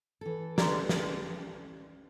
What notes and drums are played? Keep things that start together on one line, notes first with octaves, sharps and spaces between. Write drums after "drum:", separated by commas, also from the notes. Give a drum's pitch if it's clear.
E3 A4
D5 A#5 C6, drum: snare
drum: snare